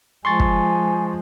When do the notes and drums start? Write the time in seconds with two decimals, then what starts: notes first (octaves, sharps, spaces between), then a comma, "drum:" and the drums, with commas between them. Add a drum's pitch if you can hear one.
0.25 F3 G#3 G#5 C6 C#6 A6
0.40 drum: kick